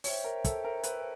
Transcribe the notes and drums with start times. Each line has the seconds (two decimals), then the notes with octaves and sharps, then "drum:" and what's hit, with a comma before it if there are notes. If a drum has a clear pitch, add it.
0.04 C5 C#5 E5 G5, drum: open hi-hat
0.24 A#4
0.44 A4, drum: kick, hi-hat
0.64 A#4
0.83 B4, drum: hi-hat